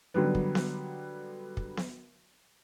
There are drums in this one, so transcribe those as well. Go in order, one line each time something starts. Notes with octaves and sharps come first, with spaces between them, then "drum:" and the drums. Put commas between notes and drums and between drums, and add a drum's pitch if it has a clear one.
D3 F#3 G3 B3
drum: kick
drum: snare B3
drum: kick
drum: snare B3